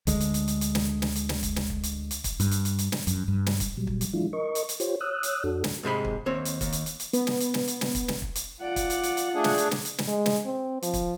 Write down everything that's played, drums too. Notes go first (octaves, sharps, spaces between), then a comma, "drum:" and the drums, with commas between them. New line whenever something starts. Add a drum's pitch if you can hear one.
D2 D3 G#3, drum: kick, hi-hat
drum: hi-hat
drum: hi-hat
drum: hi-hat
drum: hi-hat
drum: snare
drum: snare
drum: hi-hat
drum: snare
drum: kick, hi-hat
drum: snare
drum: kick
drum: hi-hat
drum: hi-hat
drum: kick, hi-hat
G2, drum: hi-hat
drum: hi-hat
drum: hi-hat
drum: hi-hat
drum: snare
F#2, drum: hi-hat
G2
drum: snare
drum: kick, hi-hat
A#2 F#3 G3
drum: kick
drum: hi-hat
E3 F#3 G#3 D4 E4 F4
A#4 D#5 C#6
drum: hi-hat
drum: hi-hat
F4 G4 C5 C#5, drum: hi-hat
C#5 D#6 E6 F#6
drum: hi-hat
F2 D4 F#4 A4
drum: snare
G#2 C3 G#3 B5
drum: kick
D#2 C4 C#5
drum: hi-hat
D#2, drum: kick, hi-hat
drum: hi-hat
drum: hi-hat
drum: hi-hat
B3, drum: hi-hat
drum: snare
drum: hi-hat
drum: snare
drum: hi-hat
drum: snare
drum: kick, hi-hat
drum: snare
drum: kick
drum: hi-hat
F4 D5 F#5
drum: kick, hi-hat
drum: hi-hat
drum: hi-hat
drum: hi-hat
A3 D4 G#4
drum: snare
drum: hi-hat
drum: snare
drum: hi-hat
drum: snare
G#3
drum: snare
C4
F3, drum: hi-hat
drum: kick, hi-hat